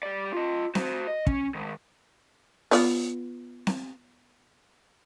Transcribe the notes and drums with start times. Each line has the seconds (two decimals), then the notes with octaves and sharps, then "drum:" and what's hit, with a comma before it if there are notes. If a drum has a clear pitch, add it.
0.03 G3 D5
0.33 F4 D#5
0.75 F#4 C5, drum: snare C4
1.07 D#5
1.27 C#4, drum: kick
1.55 D#3 G#3
2.71 B3 F4 D5, drum: open hi-hat
3.67 drum: snare C4